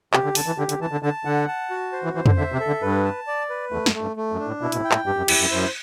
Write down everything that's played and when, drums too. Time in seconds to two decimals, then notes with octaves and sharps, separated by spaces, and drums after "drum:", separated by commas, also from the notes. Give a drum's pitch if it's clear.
0.14 C3 G4, drum: clap
0.24 D3
0.35 D3 A5, drum: open hi-hat
0.46 E3
0.58 D3 G4
0.69 D3, drum: hi-hat
0.81 E3 A5
0.92 D3
1.03 D3 A5
1.25 D3 F#5
1.48 A5
1.70 F#4
1.93 C5
2.04 E3
2.15 E3 C5
2.26 D3, drum: tom
2.37 D3 E5
2.52 C3
2.60 A4
2.67 D3
2.82 G2 B4
3.05 A5
3.27 D5
3.50 B4
3.71 E2 A3
3.86 F#2, drum: snare
3.94 A3
4.01 G2
4.16 A3
4.32 F#2
4.39 D4
4.47 A2
4.61 B2 E4
4.72 B2, drum: hi-hat
4.76 A2
4.84 G5
4.92 A2, drum: clap
5.06 G2 G4
5.17 F#2
5.28 E2 E4, drum: cymbal
5.40 F#2
5.51 F#2 C5